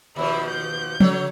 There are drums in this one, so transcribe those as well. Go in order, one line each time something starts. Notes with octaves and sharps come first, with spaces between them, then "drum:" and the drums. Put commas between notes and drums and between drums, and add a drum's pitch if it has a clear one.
D#2 B2 F3 E4
G6
C#3 F#3 C#5, drum: tom F3